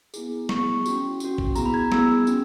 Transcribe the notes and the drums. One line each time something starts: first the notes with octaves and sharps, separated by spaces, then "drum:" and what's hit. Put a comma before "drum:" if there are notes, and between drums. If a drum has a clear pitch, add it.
B3 E4 G#4, drum: tambourine
B3 E4 G#4 C#6, drum: snare
C#4 F#4, drum: tambourine
C#4 F#4, drum: tambourine
drum: kick A1
B3 E4 G#4 A#5, drum: tambourine
B5
G#6
B3 E4 G#4 E6, drum: snare
C#4 F#4, drum: tambourine